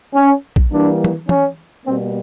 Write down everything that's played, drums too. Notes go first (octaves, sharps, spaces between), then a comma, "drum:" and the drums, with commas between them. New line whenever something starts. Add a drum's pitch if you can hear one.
C#4
drum: kick
E3 G3 A#3 D4
drum: tom
C#4, drum: tom
B2 G3 A#3 C4